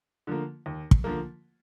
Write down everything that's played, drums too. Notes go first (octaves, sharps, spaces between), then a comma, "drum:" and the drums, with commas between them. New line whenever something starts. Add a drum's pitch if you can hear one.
D3 F3 A#3
D#2
drum: kick
D3 F3 A#3